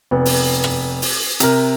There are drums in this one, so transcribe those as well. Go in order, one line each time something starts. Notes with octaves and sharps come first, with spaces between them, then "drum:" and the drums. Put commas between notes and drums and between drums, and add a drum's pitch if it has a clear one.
F1 B3
drum: open hi-hat
drum: rim click
drum: open hi-hat
C3 A#4, drum: hi-hat